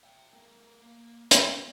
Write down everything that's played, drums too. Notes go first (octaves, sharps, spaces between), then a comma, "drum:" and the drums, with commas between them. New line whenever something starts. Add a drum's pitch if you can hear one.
E5 G5
A3 A#4
A#3
drum: hi-hat
B3